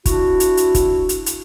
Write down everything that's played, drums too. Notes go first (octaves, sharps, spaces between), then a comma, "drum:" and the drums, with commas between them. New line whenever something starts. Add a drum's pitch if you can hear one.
D4 E4 F#4, drum: kick, hi-hat
drum: hi-hat
drum: hi-hat
drum: kick, hi-hat
drum: hi-hat
drum: hi-hat